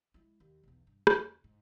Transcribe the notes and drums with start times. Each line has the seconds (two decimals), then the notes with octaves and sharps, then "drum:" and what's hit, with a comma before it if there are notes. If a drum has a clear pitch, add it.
0.14 G#3 E4
0.40 D#2
0.63 B1 E2
0.87 G2
1.07 E2 C#3, drum: rim click
1.44 G#2